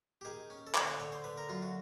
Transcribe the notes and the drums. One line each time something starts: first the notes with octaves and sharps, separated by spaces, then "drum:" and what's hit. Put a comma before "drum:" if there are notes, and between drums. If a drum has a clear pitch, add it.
G4
D#3 G#4
C#4
A4
D3 A#4, drum: clap
C5
D3 C#5
C5
D3 B4
A#4
F#2 F4
F#4